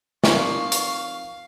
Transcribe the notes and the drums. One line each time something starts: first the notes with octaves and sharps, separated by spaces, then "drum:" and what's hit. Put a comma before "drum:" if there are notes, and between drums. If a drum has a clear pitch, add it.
F3 C4 D#4 A#4 D5 F5 C#6, drum: snare
drum: hi-hat